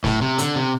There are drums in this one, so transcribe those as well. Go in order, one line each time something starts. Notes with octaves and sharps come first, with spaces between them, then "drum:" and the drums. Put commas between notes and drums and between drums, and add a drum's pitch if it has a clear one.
A2, drum: snare
C3
D3, drum: hi-hat
C3